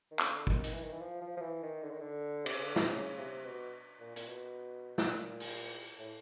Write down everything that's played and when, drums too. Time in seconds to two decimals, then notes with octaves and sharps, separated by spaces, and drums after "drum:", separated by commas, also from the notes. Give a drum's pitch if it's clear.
0.11 D#3
0.19 D3, drum: clap
0.47 D#3, drum: kick
0.64 D#3, drum: hi-hat
0.73 E3
0.84 D#3
0.92 E3
1.01 F3
1.21 F3
1.37 F3
1.41 E3
1.63 D#3
1.82 D3
1.91 D#3
2.01 D3
2.46 C3, drum: cymbal
2.55 C#3
2.64 D3
2.76 B2, drum: snare
2.84 C3
2.91 C#3
3.18 C3
3.45 B2
4.00 A#2
4.16 A#2, drum: hi-hat
4.27 B2
4.98 drum: snare
5.09 A#2
5.40 drum: open hi-hat
5.99 A2